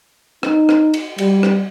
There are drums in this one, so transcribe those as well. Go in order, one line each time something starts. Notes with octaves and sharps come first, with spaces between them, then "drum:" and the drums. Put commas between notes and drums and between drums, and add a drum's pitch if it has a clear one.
D#4, drum: rim click
drum: rim click
drum: cymbal
G3, drum: cymbal
drum: rim click